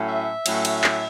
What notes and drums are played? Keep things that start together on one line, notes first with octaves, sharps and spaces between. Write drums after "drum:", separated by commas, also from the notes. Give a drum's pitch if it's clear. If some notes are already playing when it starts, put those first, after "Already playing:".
Already playing: A2 F#3 A3 C#4
E5
A2 F#3 A3 C#4, drum: cymbal
drum: cymbal
drum: clap